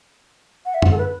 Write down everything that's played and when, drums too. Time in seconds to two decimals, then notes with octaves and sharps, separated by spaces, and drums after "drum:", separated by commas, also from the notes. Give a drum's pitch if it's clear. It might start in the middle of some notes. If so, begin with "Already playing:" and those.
0.66 F#5
0.74 E5
0.82 F#5, drum: tom F#2
0.91 A4
0.98 B4